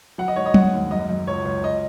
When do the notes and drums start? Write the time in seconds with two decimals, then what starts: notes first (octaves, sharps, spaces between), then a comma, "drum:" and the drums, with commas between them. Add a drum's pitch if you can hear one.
0.18 F#3 F#5
0.28 D#5
0.36 G#2 C#5
0.46 D#5
0.54 G#3 F#5, drum: tom
0.73 D#2
0.91 F#2 D#5
1.09 F#2
1.27 C#2 C#5
1.45 C#2
1.64 D#5